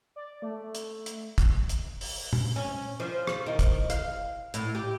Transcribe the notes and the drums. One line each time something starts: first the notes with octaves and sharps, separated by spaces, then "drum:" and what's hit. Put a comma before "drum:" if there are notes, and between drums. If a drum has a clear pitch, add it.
D5
A3
drum: hi-hat
drum: hi-hat
drum: kick, hi-hat
drum: hi-hat
drum: open hi-hat
drum: tom
C#4
F3
drum: rim click
D#3
drum: kick, hi-hat
F5, drum: hi-hat
A2, drum: hi-hat
G4